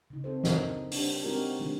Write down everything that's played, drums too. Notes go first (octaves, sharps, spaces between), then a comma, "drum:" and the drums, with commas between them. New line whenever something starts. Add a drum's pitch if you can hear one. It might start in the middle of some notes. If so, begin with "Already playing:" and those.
C#3 D#4
C4 A4 C5
C4 D4 D#4 G#4 A#4 D#5, drum: snare
D4 G4, drum: open hi-hat
G#3 C4 D#4 F#4 G4 A#4
D#3 F#3 A3 D4 D#4 F#4